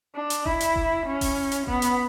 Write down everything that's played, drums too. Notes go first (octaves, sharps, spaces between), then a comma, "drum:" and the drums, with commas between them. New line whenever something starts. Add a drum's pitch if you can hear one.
D4
drum: hi-hat
E4, drum: kick F1
drum: hi-hat
drum: kick F1
C#4
drum: kick F1, open hi-hat
drum: hi-hat
B3, drum: kick F1
drum: hi-hat